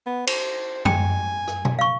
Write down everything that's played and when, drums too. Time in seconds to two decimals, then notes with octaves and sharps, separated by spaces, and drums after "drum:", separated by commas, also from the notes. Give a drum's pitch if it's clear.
0.07 B3
0.27 C5, drum: cymbal
0.85 G5 G#5, drum: tom F#2
1.48 drum: rim click
1.65 drum: tom
1.79 F5 C#6